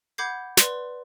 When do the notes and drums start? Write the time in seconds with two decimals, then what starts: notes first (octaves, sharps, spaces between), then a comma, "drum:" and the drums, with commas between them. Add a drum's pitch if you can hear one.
0.18 F#5 B5 D6 G6 G#6 C7
0.57 B4 D5 C6, drum: snare